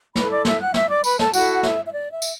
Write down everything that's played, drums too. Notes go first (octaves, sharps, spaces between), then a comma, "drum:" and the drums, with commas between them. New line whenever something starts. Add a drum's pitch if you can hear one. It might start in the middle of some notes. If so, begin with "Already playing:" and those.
E4 A4 B4 B5, drum: snare
D5 D6
E5 E6, drum: snare
F#5 F#6
E5 E6, drum: snare
D5 D6
B4 B5, drum: tambourine
A4 A5, drum: snare
E4 F#4 A4 F#5, drum: tambourine
E5, drum: snare
E5
D5
E5
drum: tambourine